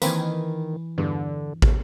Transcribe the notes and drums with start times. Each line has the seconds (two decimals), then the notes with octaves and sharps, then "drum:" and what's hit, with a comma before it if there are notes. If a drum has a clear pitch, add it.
0.02 D#3 E3 A#3 C4 B4, drum: tambourine
0.98 E2 G2 D3
1.62 drum: kick